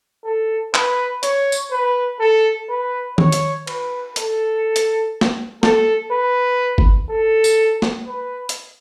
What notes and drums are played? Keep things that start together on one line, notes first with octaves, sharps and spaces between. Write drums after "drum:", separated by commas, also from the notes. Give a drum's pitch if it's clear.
A4
B4, drum: clap
C#5, drum: hi-hat
drum: tambourine
B4
A4
B4
C#5, drum: tom D#3
drum: hi-hat
B4, drum: cymbal
A4, drum: hi-hat
drum: hi-hat
drum: snare
A4, drum: snare
B4
drum: kick G1
A4
drum: tambourine
drum: snare
B4
drum: hi-hat